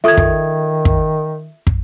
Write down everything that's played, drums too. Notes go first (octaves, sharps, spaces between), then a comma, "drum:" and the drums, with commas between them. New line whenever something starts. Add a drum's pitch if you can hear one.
D#3 F4 A4 E5 C#6 D#6 G#6
drum: kick
drum: kick
drum: kick